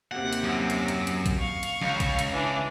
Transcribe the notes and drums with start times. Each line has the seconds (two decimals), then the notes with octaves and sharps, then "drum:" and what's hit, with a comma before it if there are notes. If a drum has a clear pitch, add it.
0.12 D#2 C3 F#5
0.33 drum: hi-hat
0.44 F#2
0.70 drum: hi-hat
0.88 drum: hi-hat
1.07 drum: hi-hat
1.26 drum: kick, hi-hat
1.37 F5 C#6
1.63 drum: hi-hat
1.81 C#2, drum: snare
2.00 drum: kick, hi-hat
2.19 drum: hi-hat
2.31 E3 D4